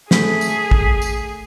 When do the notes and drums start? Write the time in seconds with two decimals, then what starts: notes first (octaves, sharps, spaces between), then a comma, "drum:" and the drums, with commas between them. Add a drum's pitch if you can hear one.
0.11 A3 G#4 B6, drum: snare
0.41 drum: tambourine
0.71 drum: kick
1.02 drum: tambourine